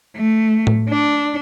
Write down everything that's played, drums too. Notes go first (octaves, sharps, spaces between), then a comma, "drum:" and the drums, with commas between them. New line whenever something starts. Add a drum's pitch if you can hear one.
A3
drum: tom A2
D4